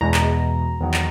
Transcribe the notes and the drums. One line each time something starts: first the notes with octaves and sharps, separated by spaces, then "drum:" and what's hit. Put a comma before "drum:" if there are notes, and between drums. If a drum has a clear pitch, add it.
E2 B2 G#3 A#5
drum: clap
E2 D#3 F#3
drum: clap